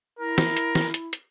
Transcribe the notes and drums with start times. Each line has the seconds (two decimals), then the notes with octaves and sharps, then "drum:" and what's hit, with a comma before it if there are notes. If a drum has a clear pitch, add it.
0.19 E4 A#4
0.38 drum: snare
0.57 drum: hi-hat
0.75 drum: snare
0.94 drum: hi-hat
1.13 drum: hi-hat